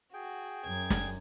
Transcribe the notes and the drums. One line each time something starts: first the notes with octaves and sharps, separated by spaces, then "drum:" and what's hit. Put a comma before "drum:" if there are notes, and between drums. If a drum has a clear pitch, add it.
F#4 G#4 G5
F#2 G#6
drum: snare